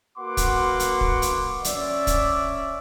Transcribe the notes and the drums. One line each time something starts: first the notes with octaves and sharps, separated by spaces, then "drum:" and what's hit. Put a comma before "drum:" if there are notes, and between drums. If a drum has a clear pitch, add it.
A#3 F#4 B4 F#5 C6 D6
drum: kick, hi-hat
drum: hi-hat
drum: kick
drum: hi-hat
C#4 D5 E5, drum: hi-hat
drum: kick, hi-hat